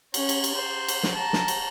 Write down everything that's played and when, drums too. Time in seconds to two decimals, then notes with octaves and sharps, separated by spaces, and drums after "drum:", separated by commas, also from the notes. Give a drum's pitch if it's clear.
0.14 C#4, drum: cymbal
0.29 drum: cymbal
0.44 drum: cymbal
0.55 C5
0.88 drum: cymbal
1.03 drum: snare
1.14 A5 A#5
1.33 drum: snare
1.48 drum: cymbal